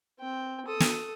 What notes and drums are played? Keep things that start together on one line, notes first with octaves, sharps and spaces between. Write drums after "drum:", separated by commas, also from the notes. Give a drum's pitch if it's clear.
C4 G5
A4 D#6
drum: snare